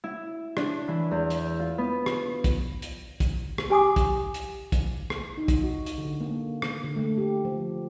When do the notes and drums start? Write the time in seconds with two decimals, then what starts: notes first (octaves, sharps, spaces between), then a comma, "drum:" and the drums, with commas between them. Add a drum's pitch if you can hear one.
0.04 E4
0.57 D4, drum: rim click
0.88 E3
1.11 E2
1.30 drum: hi-hat
1.59 F4
1.78 B3
2.06 drum: rim click
2.44 drum: kick, hi-hat
2.82 drum: hi-hat
3.20 drum: kick, hi-hat
3.58 drum: rim click
3.70 G4 G#5 D6 D#6
3.96 drum: kick, hi-hat
4.34 drum: hi-hat
4.72 drum: kick, hi-hat
5.10 drum: rim click
5.38 D#4
5.48 drum: kick, hi-hat
5.64 F#4
5.86 drum: hi-hat
5.98 D3
6.21 A#3
6.62 drum: rim click
6.84 D3
6.96 A3
7.18 G4
7.45 F3